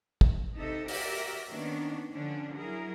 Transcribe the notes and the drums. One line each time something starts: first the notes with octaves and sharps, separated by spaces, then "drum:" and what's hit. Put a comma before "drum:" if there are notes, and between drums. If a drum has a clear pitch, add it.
drum: kick
C3 D#4 A4 E5
F#4 G4 A#4 D5 E5, drum: open hi-hat
D#3 A#3 B3 C#4 D4
D3 F3 C#4 D4
F#3 E4 G#4 A#4